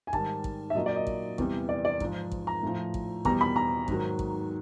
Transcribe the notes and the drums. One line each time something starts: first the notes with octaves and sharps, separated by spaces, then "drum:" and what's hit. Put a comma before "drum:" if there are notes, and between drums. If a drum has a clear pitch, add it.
G#5
G#2 D#3 G3 A5, drum: kick A1
drum: kick A1
E5
A#2 F#3 D#5
D5
D#5
drum: kick A1
E2 C3 E3 G3, drum: kick A1
D5
D5
G#2 F3, drum: kick A1
drum: kick A1
A#5
A2 F3
drum: kick A1
E2 B2 G3 A#5, drum: kick A1
B5
A#5
G#2 D#3 F#3, drum: kick A1
drum: kick A1